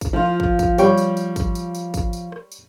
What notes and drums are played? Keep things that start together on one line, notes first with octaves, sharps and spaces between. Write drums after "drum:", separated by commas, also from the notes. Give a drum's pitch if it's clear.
drum: kick, tambourine
F3 F4
drum: kick
drum: kick, tambourine
G3 C#5 G5, drum: tambourine
drum: tambourine
drum: tambourine
drum: kick, tambourine
drum: tambourine
drum: tambourine
drum: kick, tambourine
drum: tambourine
drum: rim click
drum: tambourine